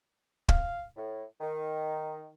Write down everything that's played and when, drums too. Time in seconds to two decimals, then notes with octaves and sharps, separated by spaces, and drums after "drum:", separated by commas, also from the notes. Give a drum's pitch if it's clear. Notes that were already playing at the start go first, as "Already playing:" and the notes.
0.49 F5, drum: kick
0.96 A2
1.40 D#3